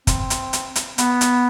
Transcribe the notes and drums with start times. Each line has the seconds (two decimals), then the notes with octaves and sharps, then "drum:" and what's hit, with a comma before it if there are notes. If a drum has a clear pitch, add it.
0.07 C4, drum: kick, hi-hat
0.30 drum: hi-hat
0.53 drum: hi-hat
0.76 drum: hi-hat
0.98 B3, drum: hi-hat
1.21 drum: hi-hat